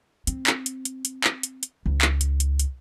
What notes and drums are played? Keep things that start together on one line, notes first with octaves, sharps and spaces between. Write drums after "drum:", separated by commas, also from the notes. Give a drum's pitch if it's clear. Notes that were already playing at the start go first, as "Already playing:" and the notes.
C4, drum: hi-hat
drum: clap
drum: hi-hat
drum: hi-hat
drum: hi-hat
drum: clap
drum: hi-hat
drum: hi-hat
C#2
drum: clap
drum: hi-hat
drum: hi-hat
drum: hi-hat